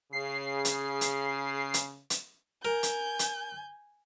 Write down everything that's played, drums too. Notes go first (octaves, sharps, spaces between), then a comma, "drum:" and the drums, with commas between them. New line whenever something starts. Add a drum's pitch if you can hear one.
C#3 G#4 C7
drum: hi-hat
drum: hi-hat
drum: hi-hat
drum: hi-hat
A#4 G#5 G6
drum: hi-hat
drum: hi-hat